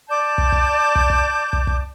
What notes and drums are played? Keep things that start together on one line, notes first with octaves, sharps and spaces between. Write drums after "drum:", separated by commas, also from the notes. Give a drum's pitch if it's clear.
D5 A5 D6 G6
drum: kick
drum: kick
drum: kick
drum: kick
drum: kick
drum: kick